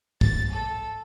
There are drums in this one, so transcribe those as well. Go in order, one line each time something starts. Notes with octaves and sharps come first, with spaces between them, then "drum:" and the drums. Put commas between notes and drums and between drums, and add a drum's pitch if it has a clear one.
A6, drum: kick
A4